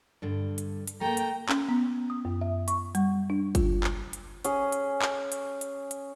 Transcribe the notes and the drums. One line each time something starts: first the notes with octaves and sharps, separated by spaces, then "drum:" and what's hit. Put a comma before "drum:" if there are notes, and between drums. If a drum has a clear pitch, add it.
G2 D3
drum: hi-hat
drum: hi-hat
A3 A#3 G5 A#5
drum: hi-hat
C#4, drum: clap
B3
D#6
F#2
E5
C#6, drum: hi-hat
G3, drum: hi-hat
D4
F4, drum: kick G1, hi-hat
drum: clap
drum: hi-hat
C#4 G#4, drum: hi-hat
drum: hi-hat
drum: clap
drum: hi-hat
drum: hi-hat
drum: hi-hat